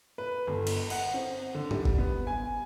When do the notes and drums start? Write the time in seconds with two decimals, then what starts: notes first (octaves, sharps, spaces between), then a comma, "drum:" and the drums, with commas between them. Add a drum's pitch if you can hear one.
0.18 B4
0.47 G1
0.67 drum: cymbal
0.90 F#5, drum: cymbal
1.14 C4
1.55 D3
1.71 G3, drum: tom G#2
1.85 drum: kick G1
1.98 B3
2.27 G#5